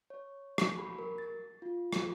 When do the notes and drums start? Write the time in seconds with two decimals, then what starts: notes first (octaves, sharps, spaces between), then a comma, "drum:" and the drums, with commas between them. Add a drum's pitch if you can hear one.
0.10 C#5
0.58 drum: rim click
0.78 B5
0.98 A#4
1.18 A6
1.62 F4
1.93 drum: rim click